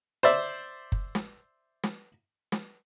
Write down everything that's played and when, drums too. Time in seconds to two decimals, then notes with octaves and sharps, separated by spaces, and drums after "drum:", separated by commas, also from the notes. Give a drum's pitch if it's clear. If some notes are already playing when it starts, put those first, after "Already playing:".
0.23 C5 D5 E5
0.92 drum: kick F#1
1.15 drum: snare
1.83 drum: snare
2.52 drum: snare